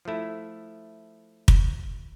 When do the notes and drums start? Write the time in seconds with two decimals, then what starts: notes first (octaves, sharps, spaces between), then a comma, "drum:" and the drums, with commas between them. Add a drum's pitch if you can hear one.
0.05 F3 A3 E4
1.48 drum: kick